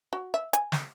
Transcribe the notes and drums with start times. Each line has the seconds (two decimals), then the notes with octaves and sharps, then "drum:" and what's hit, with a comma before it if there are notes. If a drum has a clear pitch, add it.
0.13 F#4
0.34 E5
0.53 G#5, drum: hi-hat
0.72 drum: snare